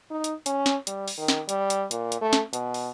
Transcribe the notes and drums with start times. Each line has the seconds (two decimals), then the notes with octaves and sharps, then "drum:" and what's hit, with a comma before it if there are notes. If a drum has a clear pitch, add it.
0.11 D#4
0.24 drum: hi-hat
0.46 C#4, drum: hi-hat
0.66 drum: snare
0.87 G3, drum: hi-hat
1.08 drum: open hi-hat
1.18 D#3
1.28 drum: snare
1.49 G3, drum: hi-hat
1.70 drum: hi-hat
1.91 A#2, drum: hi-hat
2.12 drum: hi-hat
2.21 A3
2.33 drum: snare
2.53 B2, drum: hi-hat
2.74 drum: open hi-hat